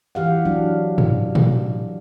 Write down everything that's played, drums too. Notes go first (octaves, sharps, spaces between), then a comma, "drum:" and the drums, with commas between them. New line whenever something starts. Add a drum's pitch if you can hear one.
E3 G4 F5 F#5
F#3 D4
drum: tom
drum: tom